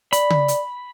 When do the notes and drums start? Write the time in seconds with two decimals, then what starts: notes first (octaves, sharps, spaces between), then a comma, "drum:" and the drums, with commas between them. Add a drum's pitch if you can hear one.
0.13 D5 B5, drum: hi-hat
0.30 drum: tom C#3
0.48 drum: hi-hat